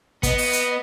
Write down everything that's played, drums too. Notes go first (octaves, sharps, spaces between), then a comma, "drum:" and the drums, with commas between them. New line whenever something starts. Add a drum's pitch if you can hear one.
B3 D#5, drum: kick, hi-hat
drum: open hi-hat
drum: hi-hat